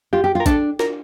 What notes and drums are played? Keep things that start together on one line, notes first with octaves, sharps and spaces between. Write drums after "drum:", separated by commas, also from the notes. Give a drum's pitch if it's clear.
F4 G4
G4
F4
A#4
D4 A4, drum: kick, hi-hat
A#4, drum: snare